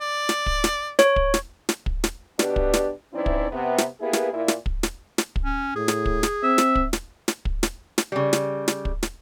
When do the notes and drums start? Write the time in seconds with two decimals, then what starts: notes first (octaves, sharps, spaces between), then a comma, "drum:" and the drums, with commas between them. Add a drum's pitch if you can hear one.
0.01 D5
0.29 drum: snare
0.46 drum: kick
0.64 drum: snare
0.99 C#5, drum: snare
1.16 drum: kick
1.34 drum: snare
1.69 drum: snare
1.86 drum: kick
2.04 drum: snare
2.39 B2 D4 G4 B4 D5, drum: snare
2.56 drum: kick
2.74 drum: snare
3.13 E3 C4 C#4 D#4 E4 D5
3.26 drum: kick
3.52 C3 B3
3.78 drum: snare
4.00 A#3 B3 E4 G4 G#4 B4
4.13 drum: snare
4.32 A#2 E4
4.48 drum: snare
4.66 drum: kick
4.83 drum: snare
5.18 drum: snare
5.36 drum: kick
5.45 C#4
5.76 A2 G#4
5.88 drum: snare
6.06 drum: kick
6.23 drum: snare
6.43 C4 E5
6.58 drum: snare
6.75 drum: kick
6.93 drum: snare
7.28 drum: snare
7.45 drum: kick
7.63 drum: snare
7.98 drum: snare
8.12 C#3 G3
8.33 drum: snare
8.68 drum: snare
8.85 drum: kick
9.03 drum: snare